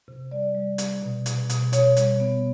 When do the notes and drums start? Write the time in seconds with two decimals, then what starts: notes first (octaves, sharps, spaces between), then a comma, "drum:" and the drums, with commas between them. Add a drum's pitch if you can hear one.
0.08 C3
0.31 G3 D5
0.55 G3
0.78 G3, drum: hi-hat
1.03 B2
1.26 B2, drum: hi-hat
1.50 B2, drum: hi-hat
1.73 B2 C#5, drum: hi-hat
1.97 G3, drum: hi-hat
2.20 B3